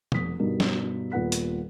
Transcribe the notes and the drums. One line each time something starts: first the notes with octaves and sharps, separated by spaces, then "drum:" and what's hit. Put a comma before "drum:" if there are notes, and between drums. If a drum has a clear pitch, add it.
F1 B3 D#6 B6, drum: tom B2
G2 B2 D#4 A#4
drum: snare
D#1 A#2 B3 B4 F#5 B6
drum: hi-hat